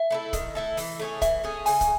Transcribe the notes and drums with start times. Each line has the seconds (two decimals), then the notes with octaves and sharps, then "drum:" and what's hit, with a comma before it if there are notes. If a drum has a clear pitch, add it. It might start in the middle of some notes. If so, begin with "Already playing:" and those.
Already playing: E5
0.11 A3 E4 A4
0.33 D#3, drum: kick, hi-hat
0.55 A3 E4 A4
0.77 E3, drum: open hi-hat
0.99 A3 C#4 G#4
1.22 E3 E5, drum: kick, hi-hat
1.44 A3 C#4 G#4
1.66 C#3 G#5, drum: open hi-hat
1.81 drum: kick, hi-hat